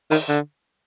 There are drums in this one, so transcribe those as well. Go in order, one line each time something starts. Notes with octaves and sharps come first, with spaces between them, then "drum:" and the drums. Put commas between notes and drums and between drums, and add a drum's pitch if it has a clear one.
D#3, drum: open hi-hat
D3